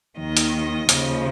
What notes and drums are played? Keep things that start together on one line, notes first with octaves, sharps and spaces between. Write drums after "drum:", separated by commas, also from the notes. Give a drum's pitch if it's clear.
D#2 D#3 D#5
drum: hi-hat
D#2 C#3 F3, drum: hi-hat